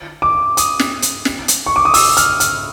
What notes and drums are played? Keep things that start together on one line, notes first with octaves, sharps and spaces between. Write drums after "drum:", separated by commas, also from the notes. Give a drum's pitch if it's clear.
D6
D#6, drum: hi-hat
drum: snare
drum: hi-hat
drum: snare
drum: hi-hat
C#6
D6
D#6
E6, drum: open hi-hat
F6, drum: hi-hat
F6, drum: hi-hat